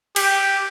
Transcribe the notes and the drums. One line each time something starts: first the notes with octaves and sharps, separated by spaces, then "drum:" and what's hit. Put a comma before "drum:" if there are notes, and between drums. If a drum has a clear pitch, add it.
G4, drum: cymbal